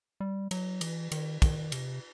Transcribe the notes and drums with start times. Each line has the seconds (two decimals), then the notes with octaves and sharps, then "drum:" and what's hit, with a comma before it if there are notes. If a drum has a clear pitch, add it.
0.20 G3
0.51 F#3, drum: cymbal
0.81 E3, drum: cymbal
1.12 D#3, drum: cymbal
1.42 D#3, drum: kick, cymbal
1.72 C3, drum: cymbal